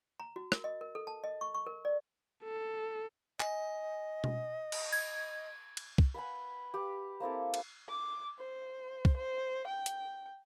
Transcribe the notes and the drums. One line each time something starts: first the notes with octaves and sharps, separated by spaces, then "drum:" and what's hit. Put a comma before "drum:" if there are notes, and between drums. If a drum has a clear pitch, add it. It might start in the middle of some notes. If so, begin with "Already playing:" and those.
A#5
F#4
A#4, drum: rim click
D#5
A#4
A4
A5
D#5
C#6
C#6
A#4
D5
A4
D#5 G#5, drum: clap
drum: tom B2
drum: cymbal
G#6
drum: cymbal
drum: kick
B4 F#5 G#5 B5
G4 B4
A#3 C4 E4 A4
drum: cymbal
D6
C5
drum: kick
C5
G5
drum: hi-hat